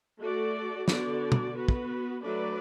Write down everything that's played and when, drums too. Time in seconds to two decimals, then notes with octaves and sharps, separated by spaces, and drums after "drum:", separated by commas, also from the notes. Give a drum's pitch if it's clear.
0.20 A3 F#4 A4 D5
0.88 D3 B3 F#4 D5, drum: snare
1.32 drum: tom
1.55 B3 F#4 B4
1.68 drum: kick
2.23 F#3 A3 D4 B4 D5